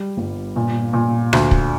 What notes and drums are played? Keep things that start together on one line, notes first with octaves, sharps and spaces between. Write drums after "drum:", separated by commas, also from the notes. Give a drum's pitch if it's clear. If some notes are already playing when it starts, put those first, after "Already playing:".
Already playing: G3
G1
A#2
A#2
D2, drum: rim click
drum: kick